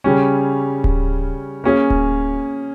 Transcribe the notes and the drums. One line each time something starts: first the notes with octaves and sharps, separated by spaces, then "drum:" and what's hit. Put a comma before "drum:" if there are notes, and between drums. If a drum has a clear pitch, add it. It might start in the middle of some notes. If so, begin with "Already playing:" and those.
C#3 G3 C#4
drum: kick D1
A#3 C#4 G#4 C#5
drum: kick D1